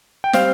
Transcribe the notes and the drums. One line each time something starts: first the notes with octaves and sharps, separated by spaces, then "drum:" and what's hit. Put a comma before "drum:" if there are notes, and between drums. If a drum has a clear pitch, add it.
G5
G3 C4 C5 F5, drum: snare